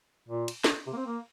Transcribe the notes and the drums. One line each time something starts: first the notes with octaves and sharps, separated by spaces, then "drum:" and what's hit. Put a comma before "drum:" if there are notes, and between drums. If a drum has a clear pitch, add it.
A#2
drum: cymbal
drum: snare
C3
A#3
C4
A#3